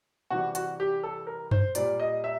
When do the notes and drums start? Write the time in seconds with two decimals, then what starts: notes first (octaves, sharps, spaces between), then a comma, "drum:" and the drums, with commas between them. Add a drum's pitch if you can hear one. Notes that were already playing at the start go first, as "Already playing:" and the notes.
0.30 C3 E3 G3 F#4
0.55 F#4, drum: hi-hat
0.80 G4
1.03 A4
1.27 A#4
1.51 C5, drum: tom F#2
1.75 A#2 G3 D5, drum: hi-hat
2.00 D#5
2.24 E5